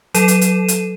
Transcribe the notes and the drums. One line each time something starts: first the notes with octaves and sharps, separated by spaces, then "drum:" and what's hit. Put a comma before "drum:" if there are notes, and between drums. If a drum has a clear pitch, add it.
F#3 A4 D#7 E7, drum: hi-hat
drum: hi-hat
drum: hi-hat
drum: hi-hat